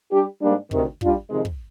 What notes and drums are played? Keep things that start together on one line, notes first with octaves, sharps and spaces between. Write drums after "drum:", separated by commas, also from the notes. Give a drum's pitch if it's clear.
G3 D4 G4
G#2 G3 A#3 D4
D2 C3 D#3, drum: kick
G3 D4 F4, drum: kick
F2 C3 D#3 G#3
drum: kick